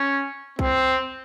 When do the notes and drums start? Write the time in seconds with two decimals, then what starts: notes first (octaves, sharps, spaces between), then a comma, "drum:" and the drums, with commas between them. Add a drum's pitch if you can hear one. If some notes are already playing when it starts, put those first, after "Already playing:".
Already playing: C#4
0.59 C4, drum: kick B1